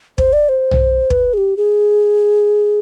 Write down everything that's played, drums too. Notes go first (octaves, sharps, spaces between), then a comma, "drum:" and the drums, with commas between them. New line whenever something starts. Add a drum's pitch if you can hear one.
C5, drum: kick
D5
C5
drum: tom
B4, drum: kick
G#4
G4
G#4